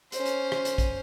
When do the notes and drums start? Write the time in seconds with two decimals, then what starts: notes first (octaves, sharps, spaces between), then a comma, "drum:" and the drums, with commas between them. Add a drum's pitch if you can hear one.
0.12 C#4 C5, drum: hi-hat
0.25 drum: hi-hat
0.52 drum: rim click
0.65 drum: hi-hat
0.78 drum: kick A#1, hi-hat